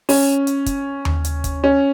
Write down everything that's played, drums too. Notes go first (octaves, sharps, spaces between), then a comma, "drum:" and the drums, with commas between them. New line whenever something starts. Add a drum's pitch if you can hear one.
C#4, drum: open hi-hat
drum: hi-hat
drum: kick, hi-hat
drum: tom D#2
drum: hi-hat
drum: kick, hi-hat
C#4